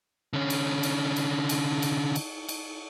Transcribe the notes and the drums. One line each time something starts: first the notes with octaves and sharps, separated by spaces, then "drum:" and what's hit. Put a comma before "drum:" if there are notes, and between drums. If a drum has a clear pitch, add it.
D3 C#4
drum: cymbal
drum: cymbal
drum: cymbal
drum: cymbal
drum: cymbal
drum: cymbal
drum: cymbal